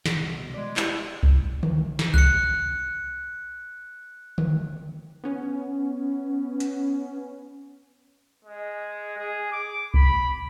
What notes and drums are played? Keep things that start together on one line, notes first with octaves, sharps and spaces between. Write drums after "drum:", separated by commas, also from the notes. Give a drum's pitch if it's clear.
C2 B2, drum: snare
G#3 D5
E4 G4, drum: clap
drum: kick C2
drum: tom D3
drum: snare
F#6 C#7, drum: kick C2
drum: tom D3
B3 C#4
drum: hi-hat
G#3
G#4
D6
B5, drum: kick C2